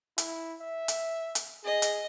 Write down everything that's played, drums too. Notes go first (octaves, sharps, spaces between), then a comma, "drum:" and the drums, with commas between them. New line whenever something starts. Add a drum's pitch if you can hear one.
E4, drum: hi-hat
E5
drum: hi-hat
drum: hi-hat
G#4 D#5
drum: hi-hat